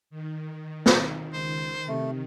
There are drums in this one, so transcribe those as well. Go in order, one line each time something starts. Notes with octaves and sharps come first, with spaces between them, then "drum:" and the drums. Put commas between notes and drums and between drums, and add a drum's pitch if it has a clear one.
D#3
drum: snare
C#2 C5
C3 A3